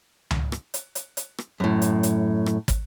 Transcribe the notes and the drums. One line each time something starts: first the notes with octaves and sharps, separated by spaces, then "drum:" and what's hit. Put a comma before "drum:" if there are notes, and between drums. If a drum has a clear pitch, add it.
drum: tom C#2
drum: rim click
drum: hi-hat
drum: hi-hat
drum: hi-hat
drum: rim click
F#2 A2
drum: hi-hat
drum: hi-hat
drum: rim click
drum: kick, hi-hat